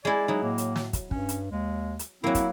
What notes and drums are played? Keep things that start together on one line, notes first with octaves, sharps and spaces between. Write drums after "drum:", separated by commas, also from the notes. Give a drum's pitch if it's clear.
G#3 E4 D5
F#3 D#4 E4
A2 A#3
drum: hi-hat
drum: snare
drum: kick, hi-hat
G2 C#4, drum: kick
drum: hi-hat
D#2 G#3
drum: hi-hat
F#3 A#3 C4 E4
drum: kick, hi-hat